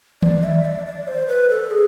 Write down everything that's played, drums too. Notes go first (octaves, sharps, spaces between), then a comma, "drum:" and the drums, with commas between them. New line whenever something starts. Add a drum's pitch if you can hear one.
D5, drum: tom D#3
E5
D5
D5
C5
B4
A4
G#4